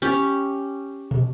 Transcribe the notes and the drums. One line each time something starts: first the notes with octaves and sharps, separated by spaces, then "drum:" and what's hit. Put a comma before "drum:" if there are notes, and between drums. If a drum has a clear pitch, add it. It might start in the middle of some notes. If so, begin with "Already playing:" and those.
C#4 G4
drum: tom